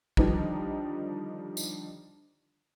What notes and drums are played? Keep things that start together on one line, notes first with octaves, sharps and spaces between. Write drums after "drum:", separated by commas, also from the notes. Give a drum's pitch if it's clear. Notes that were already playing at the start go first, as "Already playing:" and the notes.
D3 D#3 F3 G3 D4 D#4, drum: kick A#1
drum: tambourine